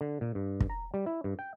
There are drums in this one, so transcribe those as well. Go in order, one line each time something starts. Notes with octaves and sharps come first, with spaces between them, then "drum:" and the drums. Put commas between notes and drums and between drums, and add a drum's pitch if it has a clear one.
D3
A#2
G2
drum: kick
A#5
G3
E4
G2
G5